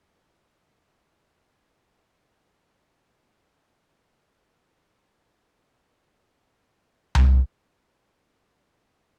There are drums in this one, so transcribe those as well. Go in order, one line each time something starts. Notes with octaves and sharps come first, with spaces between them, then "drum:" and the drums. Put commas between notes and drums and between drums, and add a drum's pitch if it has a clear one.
A#4 B4 C#5 C6
B4
C5 E6 G#6
G6
E6
C6
G4
G4
C#6
E5
A#5
G5
C#4
G6
B3 B4
drum: tom C2
G2 B3
A2 E3